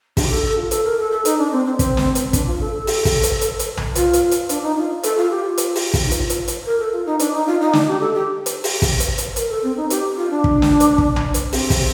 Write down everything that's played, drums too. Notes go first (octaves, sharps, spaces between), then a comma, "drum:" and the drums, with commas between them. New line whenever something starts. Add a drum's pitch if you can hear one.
D4, drum: kick, open hi-hat
G4
A4
A4
F4
A4, drum: hi-hat
A#4
A4
A4
D#4, drum: hi-hat
D4
C4
C4
C4, drum: kick, hi-hat
drum: snare
drum: hi-hat
D4, drum: kick, hi-hat
F4
A4
A4
drum: open hi-hat
drum: kick, open hi-hat
drum: hi-hat
drum: hi-hat
drum: hi-hat
drum: tom B1
F4, drum: hi-hat
drum: hi-hat
drum: hi-hat
D4, drum: hi-hat
D#4
F4
A4, drum: hi-hat
F4
G4
F4
drum: hi-hat
drum: open hi-hat
drum: kick, open hi-hat
D#4
F4, drum: hi-hat
drum: hi-hat
drum: hi-hat
A#4
A4
F4
D#4
D4, drum: hi-hat
D#4
F4
D#4
D4, drum: snare
G4
A4
G4
drum: hi-hat
drum: open hi-hat
drum: kick, open hi-hat
drum: hi-hat
drum: hi-hat
A#4, drum: hi-hat
A4
C4
D#4
G4, drum: hi-hat
F4
D4
drum: kick
drum: snare
drum: hi-hat
drum: kick
drum: tom B1
drum: hi-hat
C4, drum: open hi-hat
drum: kick, open hi-hat